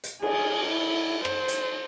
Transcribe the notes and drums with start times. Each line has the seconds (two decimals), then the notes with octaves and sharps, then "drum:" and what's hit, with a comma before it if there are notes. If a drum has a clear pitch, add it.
0.04 drum: hi-hat
0.22 G#4, drum: cymbal
0.67 E4
1.25 C5, drum: rim click
1.48 drum: hi-hat